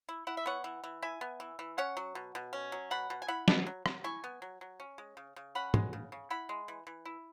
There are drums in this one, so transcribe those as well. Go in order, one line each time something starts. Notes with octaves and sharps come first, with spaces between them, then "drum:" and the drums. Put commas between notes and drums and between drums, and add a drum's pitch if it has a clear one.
E4
E4 F#5
E5
B3 C#5 F#5
E3
E3
E4 E5 G#5
B3
E3
E3
C#4 C#5 F#5
F#3
B2
B2
C#4
F#3
B2 F#5 B5
B2
G#5
E4 F#5 B5
B3, drum: snare
F#3
F#3, drum: rim click
E4 G#5 C#6
B3
F#3
F#3
C#4
G#3
C#3
C#3
C#4 F#5 B5
G#3, drum: tom
C#3
C#3
E4 F#5 B5
G#3
E3
E3
E4